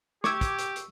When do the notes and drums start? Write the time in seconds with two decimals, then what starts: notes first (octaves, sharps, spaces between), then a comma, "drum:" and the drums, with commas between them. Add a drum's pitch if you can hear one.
0.24 G4 C#6 D6 E6 G#6, drum: snare
0.41 drum: kick, hi-hat
0.59 drum: hi-hat
0.76 drum: hi-hat